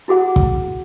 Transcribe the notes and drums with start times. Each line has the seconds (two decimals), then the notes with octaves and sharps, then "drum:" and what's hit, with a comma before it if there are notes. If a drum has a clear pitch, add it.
0.08 E4 F#4 G#4 F#5
0.36 drum: kick